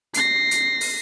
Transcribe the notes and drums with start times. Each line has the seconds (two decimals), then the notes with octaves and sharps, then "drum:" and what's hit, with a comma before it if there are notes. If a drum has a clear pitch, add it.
0.14 A#6 C7, drum: hi-hat
0.51 drum: hi-hat
0.81 drum: open hi-hat